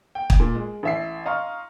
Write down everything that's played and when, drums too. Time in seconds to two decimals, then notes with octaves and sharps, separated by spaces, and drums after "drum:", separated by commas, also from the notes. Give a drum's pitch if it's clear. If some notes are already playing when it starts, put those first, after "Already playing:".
0.15 G5
0.30 drum: kick
0.40 A#2
0.55 G#3
0.83 A1 E5 C7
1.26 D#5 F5 A#5 C6 C#6 F6